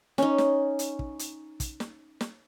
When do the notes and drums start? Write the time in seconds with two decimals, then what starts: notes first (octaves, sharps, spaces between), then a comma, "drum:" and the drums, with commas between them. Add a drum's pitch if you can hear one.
0.18 C#4 D#4, drum: snare
0.38 drum: snare
0.79 drum: hi-hat
0.99 drum: kick
1.19 drum: hi-hat
1.60 drum: kick, hi-hat
1.80 drum: snare
2.21 drum: snare